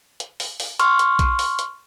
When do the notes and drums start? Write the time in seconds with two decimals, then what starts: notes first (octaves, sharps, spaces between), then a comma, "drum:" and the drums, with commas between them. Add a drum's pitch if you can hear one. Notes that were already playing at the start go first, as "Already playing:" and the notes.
0.20 drum: hi-hat
0.40 drum: open hi-hat
0.60 drum: open hi-hat
0.79 C6 C#6 F6, drum: hi-hat
0.99 drum: hi-hat
1.19 drum: kick A#1, hi-hat
1.39 drum: open hi-hat
1.59 drum: hi-hat